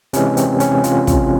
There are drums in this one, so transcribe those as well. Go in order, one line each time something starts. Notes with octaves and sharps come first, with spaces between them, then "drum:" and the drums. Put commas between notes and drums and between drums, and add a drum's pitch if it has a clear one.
C3 E3 G#3 C#4, drum: hi-hat
C4, drum: hi-hat
C#4, drum: hi-hat
F4, drum: hi-hat
drum: kick, hi-hat